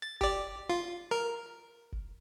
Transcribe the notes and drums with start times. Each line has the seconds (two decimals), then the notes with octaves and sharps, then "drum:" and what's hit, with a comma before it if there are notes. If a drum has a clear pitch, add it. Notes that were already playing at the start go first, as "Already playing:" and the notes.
0.02 A6
0.21 G4 D5, drum: kick F#1
0.70 F4
1.11 A#4
1.92 drum: kick F#1